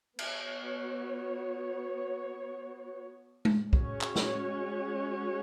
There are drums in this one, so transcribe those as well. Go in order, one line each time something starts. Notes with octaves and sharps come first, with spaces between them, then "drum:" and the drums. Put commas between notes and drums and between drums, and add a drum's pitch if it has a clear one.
B3 F#4 C#5, drum: cymbal
drum: tom G#3
G#3 C#4 F#4 C#5, drum: kick
drum: clap
drum: snare